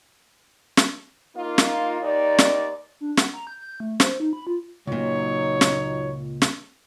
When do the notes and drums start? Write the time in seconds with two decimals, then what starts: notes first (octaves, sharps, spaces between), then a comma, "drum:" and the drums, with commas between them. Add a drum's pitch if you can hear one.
0.77 drum: snare
1.36 A#3 D#4 F4
1.58 drum: snare
2.01 D#2 D#4 D5
2.38 drum: snare
3.01 D4
3.17 F#5, drum: snare
3.34 A#5
3.47 G6
3.59 G6
3.80 A3
4.00 C5, drum: snare
4.20 D#4
4.33 B5
4.47 F4
4.87 C#2 A#2 F#3 D#4 C#5
5.61 drum: snare
6.42 drum: snare